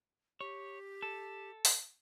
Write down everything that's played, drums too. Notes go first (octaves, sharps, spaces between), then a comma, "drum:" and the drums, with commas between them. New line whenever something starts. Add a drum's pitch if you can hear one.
G4 C#5
A4
drum: open hi-hat